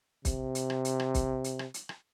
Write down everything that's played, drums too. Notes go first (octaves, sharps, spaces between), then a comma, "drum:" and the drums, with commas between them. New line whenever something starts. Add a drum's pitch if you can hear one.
C3, drum: kick, hi-hat
drum: hi-hat
drum: rim click
drum: hi-hat
drum: rim click
drum: kick, hi-hat
drum: hi-hat
drum: rim click
drum: hi-hat
drum: rim click